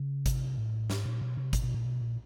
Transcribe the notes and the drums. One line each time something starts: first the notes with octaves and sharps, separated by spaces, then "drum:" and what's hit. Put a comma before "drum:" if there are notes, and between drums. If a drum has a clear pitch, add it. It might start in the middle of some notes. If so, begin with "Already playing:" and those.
Already playing: C#3
C3, drum: kick G#1, hi-hat
A2
G#2, drum: snare
A#2
B2
C3
B2, drum: kick G#1, hi-hat
B2
A#2
B2
A#2